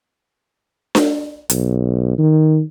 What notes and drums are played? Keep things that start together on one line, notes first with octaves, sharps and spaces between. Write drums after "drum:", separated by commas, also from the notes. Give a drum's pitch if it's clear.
drum: snare D4
B1, drum: hi-hat
D#3